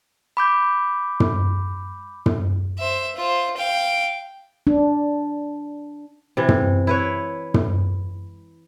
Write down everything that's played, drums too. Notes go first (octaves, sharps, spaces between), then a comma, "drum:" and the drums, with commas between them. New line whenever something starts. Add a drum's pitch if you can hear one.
B5 D6 G6
drum: tom
drum: tom
C5 E5
F4 C5
F5 G5
D4
C3 E3
drum: tom
E4 B4 C#5
drum: tom